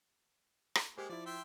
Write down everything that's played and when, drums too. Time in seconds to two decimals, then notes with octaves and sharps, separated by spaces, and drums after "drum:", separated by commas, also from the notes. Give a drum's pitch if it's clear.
0.75 drum: rim click
0.98 G#3 A#3 G4 G#4 C5
1.09 F3 E4 D5
1.26 E5 G5 C6